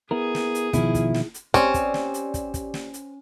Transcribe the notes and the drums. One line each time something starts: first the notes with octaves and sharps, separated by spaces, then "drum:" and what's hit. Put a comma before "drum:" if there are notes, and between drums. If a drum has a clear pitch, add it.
B3 E4 G#4 A#4
drum: snare
drum: hi-hat
B2 D#3 F3 E4, drum: kick, hi-hat
drum: kick, hi-hat
drum: snare
drum: hi-hat
C4 C#4 G4 D5, drum: kick, hi-hat
drum: kick, hi-hat
drum: snare
drum: hi-hat
drum: kick, hi-hat
drum: kick, hi-hat
drum: snare
drum: hi-hat